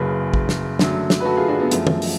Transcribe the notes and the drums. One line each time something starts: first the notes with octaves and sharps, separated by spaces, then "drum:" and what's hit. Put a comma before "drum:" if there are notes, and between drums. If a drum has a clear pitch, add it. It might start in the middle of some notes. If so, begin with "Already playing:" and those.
Already playing: F#1 F#2 C#3 G#4 B4
drum: kick
drum: snare
F#2 D3 F#3 A3, drum: snare
drum: snare
B4
F#4 A4
F4 G#4
D4 F#4
B3 D4
F#2 F3 A3, drum: hi-hat
drum: tom
drum: open hi-hat